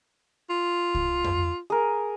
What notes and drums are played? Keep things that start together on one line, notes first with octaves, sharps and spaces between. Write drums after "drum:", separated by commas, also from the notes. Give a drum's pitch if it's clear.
F4
drum: kick C2
drum: tom F2
G#4 A#4